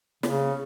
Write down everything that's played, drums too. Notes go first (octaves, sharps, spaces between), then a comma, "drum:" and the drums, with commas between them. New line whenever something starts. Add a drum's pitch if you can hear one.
C#3, drum: snare